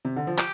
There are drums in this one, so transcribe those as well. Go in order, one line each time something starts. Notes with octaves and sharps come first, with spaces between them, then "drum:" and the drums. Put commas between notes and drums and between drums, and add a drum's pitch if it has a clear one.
C3
D3
F3
G4, drum: clap